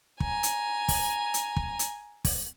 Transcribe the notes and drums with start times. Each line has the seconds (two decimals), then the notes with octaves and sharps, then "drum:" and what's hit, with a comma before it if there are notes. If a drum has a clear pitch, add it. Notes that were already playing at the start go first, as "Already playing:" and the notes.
0.20 G#5 A#5, drum: kick
0.43 drum: hi-hat
0.88 drum: kick, open hi-hat
1.34 drum: hi-hat
1.57 drum: kick
1.79 drum: hi-hat
2.25 drum: kick, open hi-hat